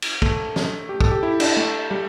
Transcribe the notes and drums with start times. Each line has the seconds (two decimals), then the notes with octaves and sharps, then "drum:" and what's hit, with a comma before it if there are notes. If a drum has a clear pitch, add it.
0.02 drum: cymbal
0.22 A3, drum: kick
0.56 drum: snare
0.89 G4
1.01 A4, drum: kick
1.11 G4
1.23 E4
1.40 D4, drum: cymbal
1.57 A3
1.91 G3